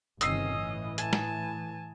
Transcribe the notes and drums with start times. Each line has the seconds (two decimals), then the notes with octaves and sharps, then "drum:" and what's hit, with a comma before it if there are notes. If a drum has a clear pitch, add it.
0.21 G1 C3 D#3 C#4 D#5 D#6 E6 C7, drum: hi-hat
0.55 A2 E3
0.98 G#5 A5, drum: hi-hat
1.13 drum: snare